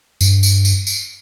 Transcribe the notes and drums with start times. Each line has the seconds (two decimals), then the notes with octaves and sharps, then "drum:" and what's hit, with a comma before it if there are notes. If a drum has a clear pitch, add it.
0.21 G2, drum: tambourine
0.43 drum: tambourine
0.65 drum: tambourine
0.87 drum: tambourine